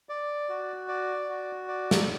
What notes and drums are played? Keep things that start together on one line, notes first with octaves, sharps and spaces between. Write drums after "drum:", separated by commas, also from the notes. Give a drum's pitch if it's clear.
D5
F#4
D5
F#4
D5
drum: snare